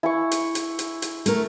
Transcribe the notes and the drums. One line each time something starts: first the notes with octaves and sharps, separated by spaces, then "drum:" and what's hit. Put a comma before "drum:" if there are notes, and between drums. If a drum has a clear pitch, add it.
E4 G#5 C#6
drum: hi-hat
drum: hi-hat
drum: hi-hat
drum: hi-hat
A3 A#4, drum: hi-hat